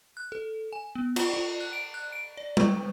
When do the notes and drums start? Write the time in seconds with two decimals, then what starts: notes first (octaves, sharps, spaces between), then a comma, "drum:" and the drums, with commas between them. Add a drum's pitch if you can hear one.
0.17 F#6
0.32 A4
0.73 G#5
0.95 B3
1.16 F4, drum: cymbal
1.34 F4
1.60 F#6
1.73 D7
1.94 F#6
2.12 D7
2.37 D5
2.57 C#6, drum: tom G3